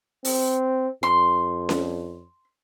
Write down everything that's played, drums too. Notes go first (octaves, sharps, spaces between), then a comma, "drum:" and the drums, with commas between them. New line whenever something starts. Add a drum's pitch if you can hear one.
C4, drum: open hi-hat
F2 C6
drum: snare C#4